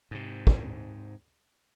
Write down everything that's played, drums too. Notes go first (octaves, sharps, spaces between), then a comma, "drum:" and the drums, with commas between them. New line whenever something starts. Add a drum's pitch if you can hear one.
G#2 C3
drum: kick